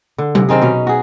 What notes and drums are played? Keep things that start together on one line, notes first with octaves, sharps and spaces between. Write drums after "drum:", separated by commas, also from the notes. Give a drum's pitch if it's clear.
D3
C3, drum: tom F#3
D#3 C4 D#4 G#4
B2 C#4
F#4 G#4